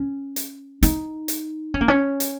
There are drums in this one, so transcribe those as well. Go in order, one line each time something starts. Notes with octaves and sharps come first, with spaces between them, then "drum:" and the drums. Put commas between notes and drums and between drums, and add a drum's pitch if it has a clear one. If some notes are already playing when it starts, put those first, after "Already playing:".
Already playing: C#4
drum: hi-hat
D#4, drum: hi-hat
drum: hi-hat
C#4
A#3
C#4
drum: hi-hat